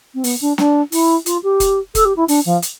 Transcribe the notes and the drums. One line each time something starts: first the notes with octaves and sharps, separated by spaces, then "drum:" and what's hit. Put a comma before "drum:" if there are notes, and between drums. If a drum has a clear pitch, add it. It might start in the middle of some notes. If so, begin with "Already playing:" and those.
C4
B3, drum: open hi-hat
D4
D4, drum: snare
E4, drum: open hi-hat
F4, drum: hi-hat
G4
drum: kick, hi-hat
A4, drum: kick, hi-hat
G4
E4
D4, drum: open hi-hat
F3
drum: hi-hat